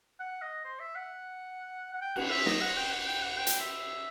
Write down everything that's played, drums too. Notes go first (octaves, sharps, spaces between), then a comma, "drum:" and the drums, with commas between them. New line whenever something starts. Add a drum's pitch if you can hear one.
F#5
D#5
C5
E5
F#5
F#5
G5
F#5, drum: cymbal
E5
D#5, drum: snare
F#5
G5
F#5
G5
F#5
G5
drum: hi-hat
E5